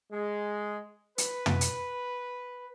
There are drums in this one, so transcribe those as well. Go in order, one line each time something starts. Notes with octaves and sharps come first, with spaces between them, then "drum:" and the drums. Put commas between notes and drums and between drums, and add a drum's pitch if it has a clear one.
G#3
B4, drum: hi-hat
drum: tom
drum: hi-hat